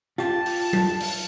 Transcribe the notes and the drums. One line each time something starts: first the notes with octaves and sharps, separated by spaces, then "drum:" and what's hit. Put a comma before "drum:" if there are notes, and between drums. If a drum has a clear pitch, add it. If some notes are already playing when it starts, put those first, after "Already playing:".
F4 G4 A5, drum: rim click
drum: open hi-hat
drum: tom F#3
drum: open hi-hat